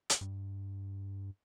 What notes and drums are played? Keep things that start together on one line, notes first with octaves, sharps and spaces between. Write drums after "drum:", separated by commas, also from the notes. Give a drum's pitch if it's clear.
drum: hi-hat
G2